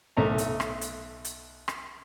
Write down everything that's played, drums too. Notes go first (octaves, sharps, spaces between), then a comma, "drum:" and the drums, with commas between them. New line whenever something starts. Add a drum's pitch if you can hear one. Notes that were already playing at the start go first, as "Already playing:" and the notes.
B1 A3 A#5
drum: hi-hat
drum: rim click
drum: hi-hat
drum: hi-hat
drum: rim click